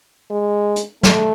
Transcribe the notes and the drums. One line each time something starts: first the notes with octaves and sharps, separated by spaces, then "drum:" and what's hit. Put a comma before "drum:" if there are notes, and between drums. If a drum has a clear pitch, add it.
G#3
drum: hi-hat
A3, drum: snare